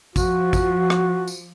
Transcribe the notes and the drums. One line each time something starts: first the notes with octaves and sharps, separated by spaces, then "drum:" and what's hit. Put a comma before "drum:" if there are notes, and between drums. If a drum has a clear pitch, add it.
F3 F#4, drum: kick, tambourine
drum: kick, tambourine
drum: rim click
drum: tambourine